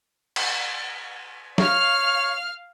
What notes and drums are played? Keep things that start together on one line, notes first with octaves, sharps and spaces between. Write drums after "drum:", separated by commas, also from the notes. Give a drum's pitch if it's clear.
drum: cymbal
C#5 F5 F6, drum: snare